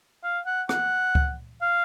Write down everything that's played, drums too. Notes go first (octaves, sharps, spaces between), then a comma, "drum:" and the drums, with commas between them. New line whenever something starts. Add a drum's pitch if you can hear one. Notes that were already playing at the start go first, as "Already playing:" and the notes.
F5
F#5
F#5, drum: rim click
drum: kick C#2
F5